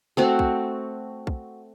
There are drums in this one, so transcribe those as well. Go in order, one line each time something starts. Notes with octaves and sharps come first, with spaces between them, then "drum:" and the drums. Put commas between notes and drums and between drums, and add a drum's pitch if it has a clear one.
A3 C4 F#4
drum: kick
drum: kick